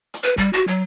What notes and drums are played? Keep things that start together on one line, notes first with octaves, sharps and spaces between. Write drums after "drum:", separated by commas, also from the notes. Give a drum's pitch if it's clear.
drum: hi-hat
B4
G3, drum: kick, hi-hat
F#4, drum: hi-hat
F#3, drum: hi-hat